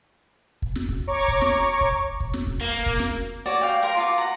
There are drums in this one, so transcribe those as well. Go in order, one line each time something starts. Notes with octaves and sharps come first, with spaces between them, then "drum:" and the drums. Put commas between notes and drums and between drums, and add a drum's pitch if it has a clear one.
drum: kick
drum: snare
drum: kick
C#5 A#5 C#6 D6
drum: kick
drum: snare
drum: kick
drum: kick
drum: snare
drum: kick
A#3
drum: kick
drum: snare
F#4 C#5 D5
D5 F5 G5
A#4 F5 A#5 C6
F4 F#4 A5 D6
F#5 A#5